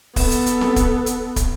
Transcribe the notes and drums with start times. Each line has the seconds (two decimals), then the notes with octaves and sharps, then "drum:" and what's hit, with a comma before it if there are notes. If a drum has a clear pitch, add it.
0.16 B3 A4, drum: kick, open hi-hat
0.31 drum: hi-hat
0.46 drum: hi-hat
0.61 drum: snare C4
0.76 drum: kick, hi-hat
1.06 drum: hi-hat
1.36 drum: kick, hi-hat